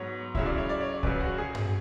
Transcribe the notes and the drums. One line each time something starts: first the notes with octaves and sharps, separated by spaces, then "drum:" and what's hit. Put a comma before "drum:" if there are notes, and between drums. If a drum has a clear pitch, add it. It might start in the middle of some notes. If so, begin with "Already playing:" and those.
Already playing: G#2 F#3 B3 C#5
C#3 F#3 C#4 E4 E5, drum: kick C2
D5
C#5
D5
C#5
D5
F#2 C#3 F#3 B4, drum: kick C2
F#4
G#4
drum: tom G2